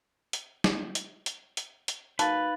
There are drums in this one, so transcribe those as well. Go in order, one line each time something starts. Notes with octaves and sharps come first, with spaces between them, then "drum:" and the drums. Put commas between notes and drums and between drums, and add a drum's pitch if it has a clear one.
drum: hi-hat
drum: snare
drum: hi-hat
drum: hi-hat
drum: hi-hat
drum: hi-hat
F#3 A#3 D#4 B4 F5 A5 A6, drum: hi-hat